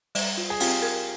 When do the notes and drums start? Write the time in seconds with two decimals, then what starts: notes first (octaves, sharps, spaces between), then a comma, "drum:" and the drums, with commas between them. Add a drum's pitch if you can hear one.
0.15 G3, drum: open hi-hat
0.38 F4
0.50 G#4
0.60 C4 F4 G4, drum: open hi-hat
0.82 A#4